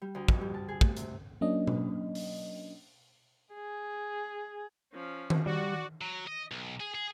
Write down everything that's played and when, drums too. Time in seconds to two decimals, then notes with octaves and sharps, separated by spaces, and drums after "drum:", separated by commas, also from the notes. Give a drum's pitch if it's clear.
0.02 G3
0.15 D2
0.28 F2, drum: kick
0.41 G3
0.54 A5
0.68 G#4
0.81 A3, drum: kick
0.97 C3, drum: hi-hat
1.41 F#3 A#3 C#4 D4 D#5
1.67 drum: tom B2
2.15 drum: open hi-hat
3.54 G#4
4.94 F3 C#4
5.30 drum: tom D#3
5.46 G3 F#4 D5
6.01 F#3
6.27 D#5
6.51 B1
6.80 G#4
6.94 G#4